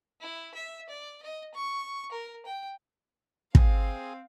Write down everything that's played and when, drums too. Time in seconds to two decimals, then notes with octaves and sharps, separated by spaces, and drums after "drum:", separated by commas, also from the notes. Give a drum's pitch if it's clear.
0.20 E4
0.54 E5
0.89 D5
1.23 D#5
1.54 C#6
2.12 A#4
2.46 G5
3.55 C4 G#4 F5, drum: kick